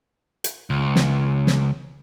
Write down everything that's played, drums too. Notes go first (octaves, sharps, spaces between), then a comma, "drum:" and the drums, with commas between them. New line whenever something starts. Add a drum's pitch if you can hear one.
drum: hi-hat
C#2
drum: snare
drum: snare